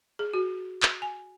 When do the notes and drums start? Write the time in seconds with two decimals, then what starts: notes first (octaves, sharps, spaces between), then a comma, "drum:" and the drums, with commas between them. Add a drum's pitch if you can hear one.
0.19 G#4
0.34 F#4
0.83 drum: clap
1.02 G#5